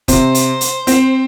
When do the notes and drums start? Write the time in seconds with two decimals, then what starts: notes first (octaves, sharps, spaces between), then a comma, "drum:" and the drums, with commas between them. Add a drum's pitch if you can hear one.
0.08 C3 C5, drum: kick, hi-hat
0.35 drum: hi-hat
0.61 drum: hi-hat
0.87 C4, drum: hi-hat